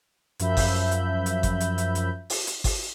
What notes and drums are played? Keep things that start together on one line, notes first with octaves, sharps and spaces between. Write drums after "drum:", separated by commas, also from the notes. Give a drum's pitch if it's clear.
F#2 F3 E5 B5 G6, drum: hi-hat
drum: kick G1, open hi-hat
drum: hi-hat
drum: hi-hat
drum: kick G1, hi-hat
drum: hi-hat
drum: hi-hat
drum: hi-hat
drum: open hi-hat
drum: hi-hat
drum: kick G1, open hi-hat